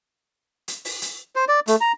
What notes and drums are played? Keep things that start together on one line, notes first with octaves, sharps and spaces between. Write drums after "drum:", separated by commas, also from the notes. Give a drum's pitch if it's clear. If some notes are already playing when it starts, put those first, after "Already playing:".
drum: hi-hat
drum: open hi-hat
drum: hi-hat
C5
D5
A3, drum: hi-hat
A#5